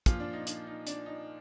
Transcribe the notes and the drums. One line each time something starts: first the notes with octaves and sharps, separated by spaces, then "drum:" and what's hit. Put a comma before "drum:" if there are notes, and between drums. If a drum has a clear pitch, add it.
A#2 F3 F4, drum: kick, hi-hat
D4
D#4
D4, drum: hi-hat
D#4
D4, drum: hi-hat
D#4